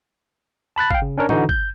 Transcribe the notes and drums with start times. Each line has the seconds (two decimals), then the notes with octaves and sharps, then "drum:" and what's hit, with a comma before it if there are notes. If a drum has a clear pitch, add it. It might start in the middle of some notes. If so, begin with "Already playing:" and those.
0.76 A5 B5 F#6 A6
0.91 F5 G5, drum: kick
1.02 C#3
1.18 C#4 D4 A#4 C#5
1.29 D3 E3 D#4 F#4, drum: tom A2
1.49 G6, drum: kick